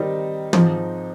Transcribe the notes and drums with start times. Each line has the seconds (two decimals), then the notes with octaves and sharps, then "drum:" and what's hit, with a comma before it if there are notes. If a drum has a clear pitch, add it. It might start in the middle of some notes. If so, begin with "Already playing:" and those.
Already playing: D#3 G3 C4 D#4
0.53 G#2 F3 C4 D#4, drum: tom